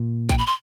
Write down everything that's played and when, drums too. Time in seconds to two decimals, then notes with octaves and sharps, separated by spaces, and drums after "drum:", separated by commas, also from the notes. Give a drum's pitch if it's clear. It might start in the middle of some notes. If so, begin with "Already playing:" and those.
Already playing: A#2
0.29 G5, drum: kick A1, hi-hat
0.38 B5
0.47 C6